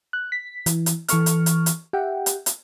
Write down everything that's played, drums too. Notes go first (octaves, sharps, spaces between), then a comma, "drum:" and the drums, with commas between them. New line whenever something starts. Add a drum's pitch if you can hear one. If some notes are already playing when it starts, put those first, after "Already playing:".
F#6
B6
E3, drum: hi-hat
drum: hi-hat
E3 A4 C#6 F6, drum: hi-hat
drum: hi-hat
drum: hi-hat
drum: hi-hat
G4 E5 F#5 G5
drum: hi-hat
drum: hi-hat